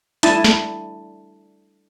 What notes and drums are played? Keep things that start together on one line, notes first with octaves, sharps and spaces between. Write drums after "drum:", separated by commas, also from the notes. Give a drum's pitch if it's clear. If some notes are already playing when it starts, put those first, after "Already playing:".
D4 E4 A5 D#6, drum: hi-hat
drum: snare